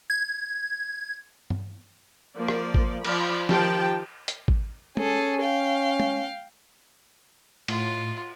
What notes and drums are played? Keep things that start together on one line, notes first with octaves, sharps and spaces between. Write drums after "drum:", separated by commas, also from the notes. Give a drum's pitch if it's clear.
G#6
drum: tom
F3 A#3 D5
drum: rim click
drum: kick G#1
F3 D5 B5, drum: cymbal
D#3 F3 G4 G5 A5, drum: snare
drum: hi-hat
drum: kick G#1
C#4 G#4 A4, drum: tom
F5 G5
drum: tom
A2 F4, drum: cymbal